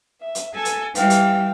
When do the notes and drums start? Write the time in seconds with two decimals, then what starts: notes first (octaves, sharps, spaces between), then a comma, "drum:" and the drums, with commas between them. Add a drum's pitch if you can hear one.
0.21 E5
0.35 drum: hi-hat
0.54 A4 G#5
0.65 drum: hi-hat
0.95 E3 G3 F5 G5, drum: hi-hat
1.10 drum: hi-hat